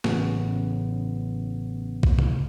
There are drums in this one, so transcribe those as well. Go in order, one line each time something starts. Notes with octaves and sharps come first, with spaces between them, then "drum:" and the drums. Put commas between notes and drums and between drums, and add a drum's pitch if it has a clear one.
A1 C#3 B3, drum: snare
drum: kick
drum: tom C3